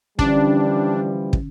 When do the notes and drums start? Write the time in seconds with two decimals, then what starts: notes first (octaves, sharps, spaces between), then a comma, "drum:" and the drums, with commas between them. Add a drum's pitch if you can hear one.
0.19 D3 E3 F3 G3 C#4 D4, drum: kick
1.33 drum: kick